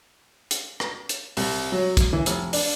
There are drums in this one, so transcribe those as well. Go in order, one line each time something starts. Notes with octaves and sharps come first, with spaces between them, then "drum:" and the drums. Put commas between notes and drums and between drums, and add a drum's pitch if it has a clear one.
drum: hi-hat
drum: rim click
drum: hi-hat
C2, drum: open hi-hat
F#3
drum: kick, hi-hat
E3
F1, drum: hi-hat
D4, drum: open hi-hat